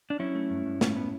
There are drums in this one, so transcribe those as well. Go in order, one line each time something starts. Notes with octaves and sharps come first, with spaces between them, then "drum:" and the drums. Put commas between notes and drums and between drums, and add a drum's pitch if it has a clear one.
D4
F#3 C#4 E4
A3
G2
G2
A2, drum: snare
B3